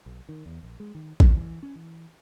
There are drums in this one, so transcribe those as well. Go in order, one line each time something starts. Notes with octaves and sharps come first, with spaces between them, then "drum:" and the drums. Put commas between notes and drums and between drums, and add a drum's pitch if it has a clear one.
B1
D#3
E2
A#1
G#3
D#3
F3, drum: kick A1
E3
C#4
E3